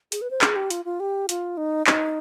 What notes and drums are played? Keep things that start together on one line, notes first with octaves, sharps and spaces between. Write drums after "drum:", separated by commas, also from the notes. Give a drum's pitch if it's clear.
G#4, drum: hi-hat
B4
C5
G#4, drum: clap
G4
F4, drum: hi-hat
F4
G4
F4, drum: hi-hat
D#4
D#4, drum: clap